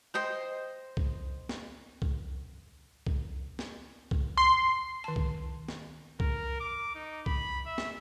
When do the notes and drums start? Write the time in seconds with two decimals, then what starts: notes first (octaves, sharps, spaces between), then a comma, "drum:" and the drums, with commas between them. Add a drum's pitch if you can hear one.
0.14 C5 D#5 G5
0.97 drum: kick C2
1.49 drum: snare
2.02 drum: kick C2
3.07 drum: kick C2
3.59 drum: snare
4.11 drum: kick C2
4.37 C6
5.04 D#3 A5
5.16 drum: kick C2
5.68 drum: snare
6.20 A#4, drum: kick C2
6.60 D6
6.95 D#4
7.26 B5, drum: kick C2
7.66 E5
7.78 drum: snare